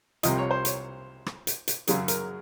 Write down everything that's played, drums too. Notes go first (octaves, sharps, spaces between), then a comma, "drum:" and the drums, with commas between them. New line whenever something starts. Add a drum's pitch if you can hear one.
C2 C3 F3 D#5, drum: hi-hat
C#5
C5
C#5, drum: hi-hat
drum: rim click
drum: hi-hat
drum: hi-hat
F#2 C#3 F#3 G#4, drum: hi-hat
A#4, drum: hi-hat